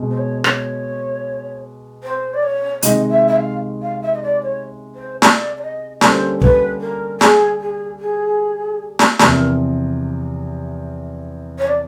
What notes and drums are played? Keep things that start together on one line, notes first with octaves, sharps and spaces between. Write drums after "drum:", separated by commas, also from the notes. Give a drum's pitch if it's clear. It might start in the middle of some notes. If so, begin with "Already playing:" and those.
Already playing: B2 G#3 B3
C5
C#5
C#5, drum: rim click
C5
D5
C#5
C3 D#3 G#3 D#5, drum: hi-hat
E5
E5
F5
F5
E5
D#5
D5
C#5
C5
D5, drum: snare
D5
D#5
D3 G3 A#3 C#4 C5, drum: snare
B4, drum: kick
A#4
G#4, drum: snare
G#4
G#4
drum: snare
E2 C3 F3 A#4, drum: snare
C#5
D5